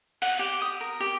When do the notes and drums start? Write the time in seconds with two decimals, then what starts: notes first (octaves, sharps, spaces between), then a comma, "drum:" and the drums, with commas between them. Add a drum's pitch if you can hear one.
0.22 F#5, drum: open hi-hat
0.39 G4
0.62 D#6
0.81 A#4
1.00 G4